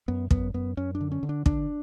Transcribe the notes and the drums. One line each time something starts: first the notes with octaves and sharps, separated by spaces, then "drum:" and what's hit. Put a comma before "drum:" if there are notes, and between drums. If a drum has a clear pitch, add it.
F#2 B3
F#2 B3, drum: kick
F#2 B3
F#2 C#4
D4
D3
C#4
D3
D4
D3 D4, drum: kick